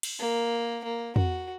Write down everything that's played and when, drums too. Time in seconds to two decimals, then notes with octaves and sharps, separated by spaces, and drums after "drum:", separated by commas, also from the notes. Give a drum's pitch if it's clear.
0.03 drum: cymbal
0.19 A#3
0.84 A#3
1.16 F#4, drum: tom